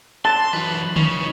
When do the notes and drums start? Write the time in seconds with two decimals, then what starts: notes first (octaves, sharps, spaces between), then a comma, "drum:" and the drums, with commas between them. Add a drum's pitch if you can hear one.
0.25 A5 C6
0.53 F#2 E3 F#3 D#4 B4
0.96 C#3, drum: tom D3